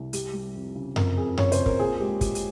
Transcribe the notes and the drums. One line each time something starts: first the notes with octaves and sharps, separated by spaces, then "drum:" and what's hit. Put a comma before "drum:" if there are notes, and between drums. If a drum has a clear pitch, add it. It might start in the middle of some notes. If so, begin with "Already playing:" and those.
Already playing: C2
G3 G4, drum: hi-hat
G3
F2
C#3
F2 A#4, drum: tom F#2
F2 G#4
C#3 C#5, drum: tom F#2
C5, drum: hi-hat
F2
A#4, drum: kick
A#2 G#4
G#3 G4
A#2 G4, drum: kick, hi-hat
drum: hi-hat